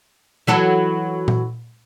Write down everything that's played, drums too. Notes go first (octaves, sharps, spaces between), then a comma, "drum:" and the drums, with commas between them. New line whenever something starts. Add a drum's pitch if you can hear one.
E3 F#3 A4
drum: tom A#2